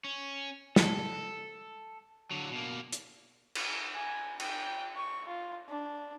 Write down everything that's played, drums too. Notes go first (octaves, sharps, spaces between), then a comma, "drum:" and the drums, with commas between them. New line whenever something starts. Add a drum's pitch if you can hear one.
C#4
A4, drum: snare
D3 F#3
B2 A#3
drum: hi-hat
drum: cymbal
G#5
G5, drum: cymbal
C#6
F4
D4